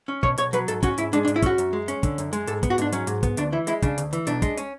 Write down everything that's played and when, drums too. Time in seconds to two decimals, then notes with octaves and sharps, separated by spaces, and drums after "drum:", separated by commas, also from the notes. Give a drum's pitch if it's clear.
0.08 C#4
0.23 B2 C#5, drum: kick
0.38 B1 C#5, drum: hi-hat
0.53 F#3 B4, drum: hi-hat
0.68 G#2 A4, drum: hi-hat
0.83 C#4 F#4, drum: kick, hi-hat
0.98 G#2 E4, drum: hi-hat
1.13 G#3 D4, drum: hi-hat
1.25 D4
1.28 G#2, drum: hi-hat
1.36 E4
1.42 C#4 F#4, drum: kick, hi-hat
1.58 F#2, drum: hi-hat
1.73 G#3
1.88 C#4, drum: hi-hat
2.03 D3, drum: kick, hi-hat
2.18 F#2, drum: hi-hat
2.33 G#3, drum: hi-hat
2.47 G#2 A4, drum: hi-hat
2.63 B3, drum: kick, hi-hat
2.70 F#4
2.78 G#2 D4, drum: hi-hat
2.92 F#3 C#4, drum: hi-hat
3.07 G#2, drum: hi-hat
3.23 B3, drum: kick, hi-hat
3.37 D2 D4, drum: hi-hat
3.52 E3 E4
3.67 G#3 E4, drum: hi-hat
3.82 C#3 D4, drum: kick, hi-hat
3.98 D2, drum: hi-hat
4.13 E3, drum: hi-hat
4.27 B1 D4, drum: hi-hat
4.42 G#3, drum: kick, hi-hat
4.57 C#4, drum: hi-hat